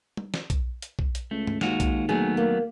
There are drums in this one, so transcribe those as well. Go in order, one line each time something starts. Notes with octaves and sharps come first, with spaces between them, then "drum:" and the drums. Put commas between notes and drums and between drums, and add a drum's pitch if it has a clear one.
drum: tom
drum: snare
drum: kick B1, hi-hat
drum: hi-hat
drum: kick B1
drum: hi-hat
C#2 A3
drum: tom G2
D#2 G#3 F4 F#4, drum: snare
drum: kick B1, hi-hat
F#3 A3 B3 G#4
A#3